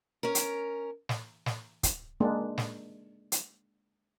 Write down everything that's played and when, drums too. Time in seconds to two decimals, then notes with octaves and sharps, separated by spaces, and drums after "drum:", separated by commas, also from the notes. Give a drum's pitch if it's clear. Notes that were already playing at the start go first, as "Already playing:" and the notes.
0.23 C#4 A#4
0.35 drum: hi-hat
1.09 drum: snare
1.46 drum: snare
1.83 drum: kick, hi-hat
2.20 G#3 A#3 D4
2.58 drum: snare
3.32 drum: hi-hat